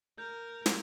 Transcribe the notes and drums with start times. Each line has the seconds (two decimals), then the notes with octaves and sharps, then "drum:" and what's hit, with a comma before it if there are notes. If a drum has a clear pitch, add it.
0.18 A#4 G6
0.66 drum: snare